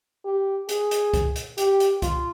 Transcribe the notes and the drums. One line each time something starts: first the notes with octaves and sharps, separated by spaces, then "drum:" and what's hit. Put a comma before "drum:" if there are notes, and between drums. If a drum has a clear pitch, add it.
G4
G#4, drum: hi-hat
drum: hi-hat
drum: kick C2, hi-hat
drum: hi-hat
G4, drum: hi-hat
drum: hi-hat
F4, drum: kick C2, hi-hat